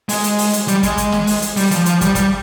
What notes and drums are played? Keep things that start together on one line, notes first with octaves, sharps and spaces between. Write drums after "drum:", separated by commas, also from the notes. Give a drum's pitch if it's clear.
G#3, drum: open hi-hat
drum: hi-hat
drum: open hi-hat
drum: hi-hat
G3, drum: hi-hat
G#3, drum: kick, hi-hat
drum: kick, hi-hat
drum: snare
drum: open hi-hat
drum: hi-hat
G3, drum: open hi-hat
F3, drum: hi-hat
F3, drum: hi-hat
G3, drum: kick, hi-hat
G3, drum: kick, hi-hat